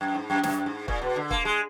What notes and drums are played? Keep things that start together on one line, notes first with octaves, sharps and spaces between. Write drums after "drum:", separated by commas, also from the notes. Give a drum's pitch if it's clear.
F#2
G#2
F#2
F#2, drum: snare
G#2
A#2, drum: kick
B2
D3
A#3, drum: kick
G#3